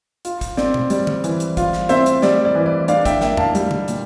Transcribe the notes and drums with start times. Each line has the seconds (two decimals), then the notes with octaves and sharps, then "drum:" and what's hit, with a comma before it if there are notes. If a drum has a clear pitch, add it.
0.25 F4, drum: hi-hat
0.41 drum: kick, hi-hat
0.57 C4 D5, drum: snare
0.74 drum: tom B2
0.90 G3 D5, drum: hi-hat
1.07 drum: tom
1.24 E3, drum: hi-hat
1.40 drum: hi-hat
1.57 F4, drum: kick, hi-hat
1.73 drum: snare
1.89 C4 C5 E5, drum: hi-hat
2.06 drum: hi-hat
2.22 G3 D5, drum: snare
2.45 D5
2.55 E3
2.66 D5
2.88 D4 D5 F5, drum: hi-hat
3.05 E5 G5, drum: kick, hi-hat
3.21 A#3 E5 G5, drum: snare
3.37 F5 A5, drum: tom E2
3.55 G3, drum: hi-hat
3.71 drum: tom
3.88 A#2, drum: hi-hat